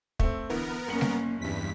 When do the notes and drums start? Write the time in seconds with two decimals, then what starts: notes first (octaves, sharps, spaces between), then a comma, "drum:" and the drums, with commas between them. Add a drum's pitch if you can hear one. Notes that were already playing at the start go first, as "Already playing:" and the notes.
0.19 A3 C4, drum: kick
0.49 D3 E3 B3 A#4
0.88 F#1 A#3 C#4 C#7 F#7
1.01 drum: snare G3
1.42 E2 G2 B6